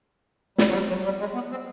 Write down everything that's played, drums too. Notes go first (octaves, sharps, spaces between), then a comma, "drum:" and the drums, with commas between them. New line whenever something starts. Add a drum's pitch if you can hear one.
G3, drum: snare
F#3
G3
F#3
G3
G#3
B3
C4